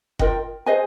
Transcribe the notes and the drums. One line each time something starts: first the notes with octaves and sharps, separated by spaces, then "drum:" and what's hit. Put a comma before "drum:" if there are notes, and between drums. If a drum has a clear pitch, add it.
F4 A#4 D#5 G5, drum: kick F#1
G#4 C5 D#5 G#5